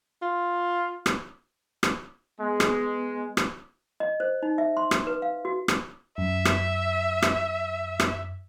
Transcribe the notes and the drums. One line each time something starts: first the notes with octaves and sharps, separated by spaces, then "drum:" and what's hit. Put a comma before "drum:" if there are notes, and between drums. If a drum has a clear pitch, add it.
F4
drum: rim click
drum: rim click
G#3 B3
drum: rim click
drum: rim click
D#5
C5
D#4
E5
C6
drum: rim click
B4
F5
F#4
drum: rim click
F#2 E5
drum: rim click
drum: rim click
drum: rim click